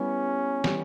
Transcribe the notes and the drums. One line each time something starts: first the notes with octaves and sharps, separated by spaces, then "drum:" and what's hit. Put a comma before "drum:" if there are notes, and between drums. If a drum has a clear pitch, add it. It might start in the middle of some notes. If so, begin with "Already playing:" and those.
Already playing: G3 B3 C#4 E4 G4
G3 B3 E4 G4, drum: snare